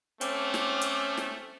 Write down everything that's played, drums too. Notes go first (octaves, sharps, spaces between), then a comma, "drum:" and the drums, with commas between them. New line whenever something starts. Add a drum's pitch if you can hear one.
A3 C4 C#4 D6, drum: hi-hat
drum: snare
drum: hi-hat
drum: snare